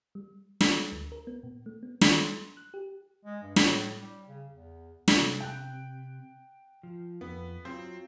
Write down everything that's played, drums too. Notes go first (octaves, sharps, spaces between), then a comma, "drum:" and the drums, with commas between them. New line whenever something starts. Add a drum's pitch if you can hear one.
G3
E6, drum: snare
D2
A#4
B3
A#2
A3
B3
D#3, drum: snare
C6
F#6
G4
G#3
G2
A2, drum: snare
G3
C#3
E2
drum: snare
C3
G5 F#6
F3
F2 B3
F#3 C4 F4